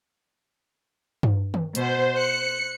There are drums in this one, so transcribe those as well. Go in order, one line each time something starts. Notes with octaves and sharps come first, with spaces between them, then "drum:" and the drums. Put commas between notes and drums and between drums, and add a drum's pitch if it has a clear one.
drum: tom G2
drum: tom D#3
B2 C5 F#5, drum: hi-hat
F#6 C#7